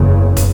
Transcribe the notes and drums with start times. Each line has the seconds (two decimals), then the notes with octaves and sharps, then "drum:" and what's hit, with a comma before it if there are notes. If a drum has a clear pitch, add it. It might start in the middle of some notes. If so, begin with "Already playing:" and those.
Already playing: F#1 E2 C#3
0.37 drum: kick, hi-hat